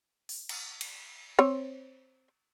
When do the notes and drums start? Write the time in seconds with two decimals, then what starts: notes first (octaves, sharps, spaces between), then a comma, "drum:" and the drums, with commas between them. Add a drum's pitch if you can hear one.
0.29 drum: open hi-hat
0.49 drum: cymbal
0.81 drum: cymbal
1.39 C4 C#5